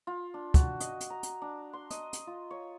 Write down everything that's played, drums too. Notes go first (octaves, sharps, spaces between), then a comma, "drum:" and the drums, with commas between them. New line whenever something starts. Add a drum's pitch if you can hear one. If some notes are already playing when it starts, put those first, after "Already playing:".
F4
D4
F#4, drum: kick, hi-hat
D#5, drum: hi-hat
drum: hi-hat
A#5
drum: hi-hat
D4
C6
D#5, drum: hi-hat
drum: hi-hat
F4
C#5